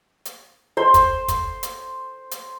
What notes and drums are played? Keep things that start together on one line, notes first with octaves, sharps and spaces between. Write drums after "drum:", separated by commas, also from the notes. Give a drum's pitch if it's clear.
drum: hi-hat
C5 C6
drum: kick, hi-hat
drum: kick, hi-hat
drum: hi-hat
drum: hi-hat